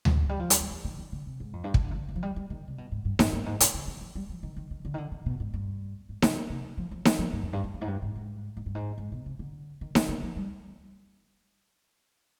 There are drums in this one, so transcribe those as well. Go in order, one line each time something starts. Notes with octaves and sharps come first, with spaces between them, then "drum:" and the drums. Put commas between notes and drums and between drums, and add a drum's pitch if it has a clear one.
drum: tom D2
F3
G3
F3
G3, drum: hi-hat
G3
F3
D#3
D#3
D3
C3
G#2
F2
G2
D#3, drum: kick
D3
C3
D3
D#3
F3
G3
G3
D#3
C3
B2
G#2
G2
G#2, drum: snare D#4
G#2
G2
G#2
B2, drum: hi-hat
D3
D#3
F3
G3
F3
D#3
D#3
D#3
D3
D#3
D3
D#3
B2
G#2
G2
G#2
B2, drum: snare D#4
C3
F3
F3
G3, drum: snare D#4
F3
G2
F2
G2
G2
F2
G#2
G2
G#2
G#2
G#2
G2
G#2
G#2
B2
C3
D3
D#3
D3, drum: snare D#4
D#3
F3
G3